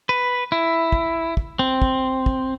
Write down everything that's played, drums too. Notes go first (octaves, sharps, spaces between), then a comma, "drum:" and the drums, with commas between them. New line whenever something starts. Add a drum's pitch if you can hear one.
B4
E4
drum: kick
drum: kick
C4
drum: kick
drum: kick